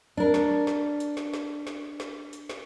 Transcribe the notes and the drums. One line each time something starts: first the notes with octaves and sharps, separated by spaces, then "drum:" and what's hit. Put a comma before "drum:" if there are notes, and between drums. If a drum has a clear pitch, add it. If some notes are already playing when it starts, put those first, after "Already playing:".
D4 A#4
drum: snare
drum: snare
drum: hi-hat
drum: snare
drum: snare
drum: snare
drum: snare
drum: hi-hat
drum: snare